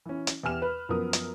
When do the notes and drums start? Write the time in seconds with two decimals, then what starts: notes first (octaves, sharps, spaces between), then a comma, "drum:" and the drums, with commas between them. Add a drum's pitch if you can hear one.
0.06 E3 C#4
0.27 drum: hi-hat
0.43 E2 G4 G#5 F6 E7
0.62 B4
0.89 F#2 F3 B3 A#4 D#6
1.13 drum: hi-hat